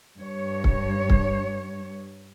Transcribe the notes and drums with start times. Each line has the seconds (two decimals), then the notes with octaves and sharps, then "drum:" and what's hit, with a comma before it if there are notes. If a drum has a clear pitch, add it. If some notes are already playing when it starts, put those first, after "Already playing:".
0.19 G2 C#5
0.64 drum: kick C#1
1.10 drum: kick C#1